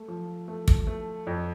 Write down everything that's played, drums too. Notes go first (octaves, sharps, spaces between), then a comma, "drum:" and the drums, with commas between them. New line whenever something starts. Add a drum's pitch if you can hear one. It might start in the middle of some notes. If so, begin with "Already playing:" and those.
Already playing: A3
F3
A3
drum: kick
A3
F2